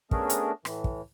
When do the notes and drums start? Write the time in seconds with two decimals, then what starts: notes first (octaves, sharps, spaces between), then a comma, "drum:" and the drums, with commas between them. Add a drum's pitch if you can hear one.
0.11 A3 B3 C#4 D4 G#4 A#4, drum: kick
0.30 drum: hi-hat
0.65 A2 E3, drum: rim click
0.84 drum: kick